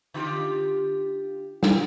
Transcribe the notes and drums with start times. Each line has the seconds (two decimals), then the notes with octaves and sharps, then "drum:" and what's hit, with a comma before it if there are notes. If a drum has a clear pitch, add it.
0.14 D3 F4 G4
1.63 drum: snare